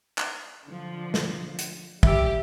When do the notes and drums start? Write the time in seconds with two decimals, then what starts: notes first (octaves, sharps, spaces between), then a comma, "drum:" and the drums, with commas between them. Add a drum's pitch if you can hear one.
0.18 drum: clap
0.66 D3 F3
1.14 drum: snare
1.59 drum: hi-hat
2.03 G3 G4 E5 E6, drum: kick